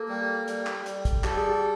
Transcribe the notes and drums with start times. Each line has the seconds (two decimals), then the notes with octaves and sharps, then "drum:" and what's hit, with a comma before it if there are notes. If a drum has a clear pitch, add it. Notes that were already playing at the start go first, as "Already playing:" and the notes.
Already playing: A#3 A4
0.09 G3
0.48 G3, drum: hi-hat
0.67 drum: clap
0.86 G3, drum: hi-hat
1.05 drum: kick, hi-hat
1.24 G4 A4, drum: clap
1.37 G#4
1.49 G4